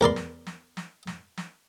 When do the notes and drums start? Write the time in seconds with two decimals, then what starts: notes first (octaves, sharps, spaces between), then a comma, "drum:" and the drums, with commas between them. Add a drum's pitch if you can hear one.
0.01 E2 A#4 D5 C6
0.16 drum: snare
0.47 drum: snare
0.77 drum: snare
1.07 drum: snare
1.38 drum: snare